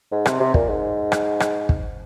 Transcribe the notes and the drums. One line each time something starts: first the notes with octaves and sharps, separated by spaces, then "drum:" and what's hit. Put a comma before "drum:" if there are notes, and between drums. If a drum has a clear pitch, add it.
G#2
C3, drum: rim click
C3
A#2, drum: kick
G#2
drum: rim click
drum: rim click
drum: kick